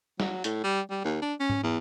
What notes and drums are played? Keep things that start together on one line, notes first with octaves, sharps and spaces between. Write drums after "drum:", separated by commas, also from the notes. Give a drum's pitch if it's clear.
F#3, drum: snare
A2, drum: hi-hat
G3
G3
D#2
D4
C#4
drum: tom G#2
E2